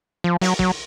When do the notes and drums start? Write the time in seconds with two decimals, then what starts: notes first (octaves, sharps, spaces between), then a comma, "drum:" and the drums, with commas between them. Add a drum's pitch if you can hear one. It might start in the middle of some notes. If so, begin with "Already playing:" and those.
0.24 F3
0.41 F#3, drum: open hi-hat
0.59 F#3, drum: kick